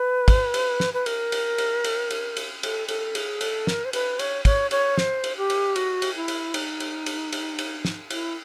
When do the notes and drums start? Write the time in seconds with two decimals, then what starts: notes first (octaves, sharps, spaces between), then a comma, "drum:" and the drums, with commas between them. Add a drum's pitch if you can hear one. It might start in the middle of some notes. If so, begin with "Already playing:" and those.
Already playing: B4
0.28 drum: kick, cymbal
0.54 drum: cymbal
0.80 drum: snare
0.94 B4
1.06 A#4, drum: cymbal
1.32 drum: cymbal
1.58 drum: cymbal
1.84 drum: cymbal
2.10 drum: cymbal
2.37 drum: cymbal
2.63 A4, drum: cymbal
2.88 A4, drum: cymbal
3.15 G#4, drum: cymbal
3.41 A4, drum: cymbal
3.67 A#4, drum: snare
3.85 C5
3.93 B4, drum: cymbal
4.19 C#5, drum: cymbal
4.45 C#5, drum: kick, cymbal
4.71 C#5, drum: cymbal
4.98 C5, drum: snare
5.24 drum: cymbal
5.37 G4
5.50 drum: cymbal
5.76 F#4, drum: cymbal
6.02 drum: cymbal
6.15 E4
6.28 drum: cymbal
6.54 D#4, drum: cymbal
6.80 drum: cymbal
7.06 drum: cymbal
7.32 drum: cymbal
7.59 drum: cymbal
7.85 drum: snare
8.10 E4, drum: cymbal